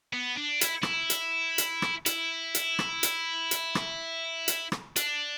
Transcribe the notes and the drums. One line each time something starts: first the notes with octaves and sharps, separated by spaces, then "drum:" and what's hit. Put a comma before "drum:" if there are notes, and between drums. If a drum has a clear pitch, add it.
B3
D4
E4, drum: hi-hat
E4, drum: rim click
drum: hi-hat
drum: hi-hat
drum: rim click
E4, drum: hi-hat
drum: hi-hat
drum: rim click
drum: hi-hat
drum: hi-hat
drum: rim click
drum: hi-hat
drum: rim click
D4, drum: hi-hat